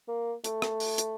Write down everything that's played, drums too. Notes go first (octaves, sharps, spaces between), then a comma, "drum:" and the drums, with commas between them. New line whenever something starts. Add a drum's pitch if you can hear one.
A#3
A3, drum: hi-hat
drum: rim click
drum: open hi-hat
drum: hi-hat